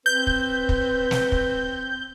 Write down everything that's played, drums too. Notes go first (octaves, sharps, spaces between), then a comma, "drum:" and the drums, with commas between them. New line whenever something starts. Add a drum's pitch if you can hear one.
C4 B4 G6
drum: kick
drum: kick
drum: snare
drum: kick